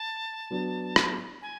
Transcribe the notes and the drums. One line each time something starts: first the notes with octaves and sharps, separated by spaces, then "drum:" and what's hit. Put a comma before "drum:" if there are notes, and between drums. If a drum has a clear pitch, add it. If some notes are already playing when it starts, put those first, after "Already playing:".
Already playing: A5
F#3 B3 D4 F#4 B4
drum: rim click
G#5